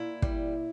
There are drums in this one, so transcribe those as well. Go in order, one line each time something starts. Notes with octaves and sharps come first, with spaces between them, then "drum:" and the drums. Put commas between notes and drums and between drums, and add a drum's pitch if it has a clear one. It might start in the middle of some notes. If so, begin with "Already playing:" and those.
Already playing: A#2 E4
G3, drum: kick